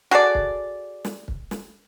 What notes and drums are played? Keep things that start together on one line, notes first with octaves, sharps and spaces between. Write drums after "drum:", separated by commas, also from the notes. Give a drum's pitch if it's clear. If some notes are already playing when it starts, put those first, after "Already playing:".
F#4 G#4 A4 D5
drum: kick
drum: snare
drum: kick
drum: snare